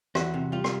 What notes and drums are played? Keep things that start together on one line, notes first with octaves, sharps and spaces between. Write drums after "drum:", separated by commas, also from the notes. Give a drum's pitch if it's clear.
E2 F#4, drum: rim click
C3
G3 F4
drum: rim click